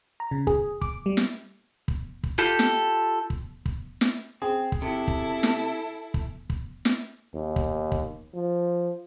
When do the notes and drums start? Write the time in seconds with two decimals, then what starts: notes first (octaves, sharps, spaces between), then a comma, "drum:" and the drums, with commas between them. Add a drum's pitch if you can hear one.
0.20 A#5
0.31 C#3
0.47 G#4, drum: kick
0.81 D6, drum: kick
1.06 G3
1.17 drum: snare
1.88 drum: kick
2.23 drum: kick
2.38 F4 G4 A4
2.59 drum: snare
3.30 drum: kick
3.66 drum: kick
4.01 drum: snare
4.42 C4 G#4
4.72 drum: kick
4.82 C3 E4 A4
5.08 drum: kick
5.43 drum: snare
6.14 drum: kick
6.50 drum: kick
6.85 drum: snare
7.34 D#2
7.56 drum: kick
7.92 drum: kick
8.34 F3